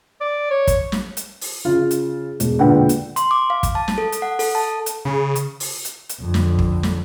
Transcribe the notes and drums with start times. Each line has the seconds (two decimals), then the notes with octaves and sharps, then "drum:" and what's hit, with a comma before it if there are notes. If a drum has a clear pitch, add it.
0.21 D5
0.50 C#5
0.67 drum: kick, hi-hat
0.92 drum: snare
1.17 drum: hi-hat
1.41 drum: open hi-hat
1.65 C#3 F4
1.91 drum: hi-hat
2.40 E1, drum: hi-hat
2.59 E1 A#2 D3 B4 F#5 G5
2.89 drum: hi-hat
3.16 C6, drum: hi-hat
3.31 D6
3.50 F5
3.63 drum: kick, hi-hat
3.75 A5
3.88 drum: snare
3.98 A4
4.12 drum: hi-hat
4.22 F#5
4.39 A4, drum: open hi-hat
4.55 A5
4.86 drum: hi-hat
5.05 C#3
5.35 drum: hi-hat
5.60 drum: open hi-hat
5.85 drum: hi-hat
6.09 drum: hi-hat
6.20 F2 D3
6.34 drum: snare
6.59 drum: kick
6.83 drum: snare